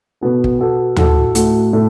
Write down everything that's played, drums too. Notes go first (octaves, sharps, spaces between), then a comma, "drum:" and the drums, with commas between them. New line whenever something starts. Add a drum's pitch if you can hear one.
B2 B3 F#4 A4
drum: kick
B2 B3 F#4 A4
A2 A3 F#4 A4, drum: tom D2
A2 A3 F#4 A4, drum: hi-hat
A2 A3